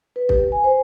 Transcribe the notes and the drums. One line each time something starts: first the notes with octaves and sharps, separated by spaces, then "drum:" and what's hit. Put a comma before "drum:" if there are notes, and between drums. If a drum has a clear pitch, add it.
B4
G4, drum: kick
G#5
C5